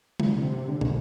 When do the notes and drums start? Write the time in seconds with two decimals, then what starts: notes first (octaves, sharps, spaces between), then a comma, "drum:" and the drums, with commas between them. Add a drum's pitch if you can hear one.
0.20 D3, drum: tom
0.37 C3
0.68 D3
0.81 C2, drum: tom